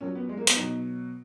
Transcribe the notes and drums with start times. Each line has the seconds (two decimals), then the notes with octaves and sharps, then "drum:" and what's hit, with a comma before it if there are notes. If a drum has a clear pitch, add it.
0.01 A#2 F#3 C#4
0.15 B3
0.29 G#3
0.37 A#3
0.47 B3, drum: hi-hat
0.56 B2 F#3 D#4